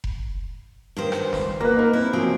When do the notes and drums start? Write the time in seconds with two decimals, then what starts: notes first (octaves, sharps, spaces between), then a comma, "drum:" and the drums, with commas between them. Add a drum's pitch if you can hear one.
0.04 drum: kick F1
0.97 G2 D#3 C5
1.12 drum: rim click
1.33 drum: snare
1.60 A#3 B3 B4
1.76 D#4 A#4
1.93 C4 E4
2.13 F3 F#3 C4 C#4